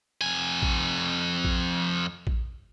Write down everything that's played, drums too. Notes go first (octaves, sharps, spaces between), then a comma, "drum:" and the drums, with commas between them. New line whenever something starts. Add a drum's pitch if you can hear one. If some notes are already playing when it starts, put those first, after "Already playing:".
F2 G#5
drum: kick
drum: kick
drum: kick